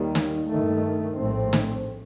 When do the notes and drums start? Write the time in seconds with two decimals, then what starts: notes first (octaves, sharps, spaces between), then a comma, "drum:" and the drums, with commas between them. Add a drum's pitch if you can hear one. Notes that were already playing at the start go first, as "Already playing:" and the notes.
Already playing: D#2 D#3 G3 A#3
0.15 drum: snare
0.49 G2 D#3 A3
1.18 A#1 A2 A3 C4
1.53 drum: snare